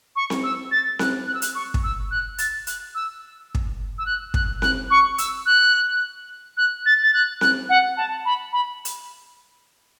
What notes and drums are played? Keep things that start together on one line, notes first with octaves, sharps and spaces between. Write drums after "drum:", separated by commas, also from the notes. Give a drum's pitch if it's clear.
C#6
drum: snare C4
E6
A6
F#6, drum: snare C4
F#6
E6
F#6, drum: hi-hat
C#6
drum: kick
E6
F#6
A6, drum: hi-hat
F#6, drum: hi-hat
E6
drum: kick
E6
F#6
F#6, drum: kick
F#6, drum: snare C4
C#6
E6, drum: hi-hat
F#6
F#6
A6
A6
F#6
F#6, drum: snare C4
F#5
A5
B5
B5
drum: hi-hat